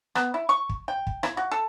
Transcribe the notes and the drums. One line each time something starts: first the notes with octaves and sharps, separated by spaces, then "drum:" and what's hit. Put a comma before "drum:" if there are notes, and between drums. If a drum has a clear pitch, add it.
B3, drum: rim click
E4
C#6
drum: kick
G5
drum: kick
E4, drum: rim click
F#4
A4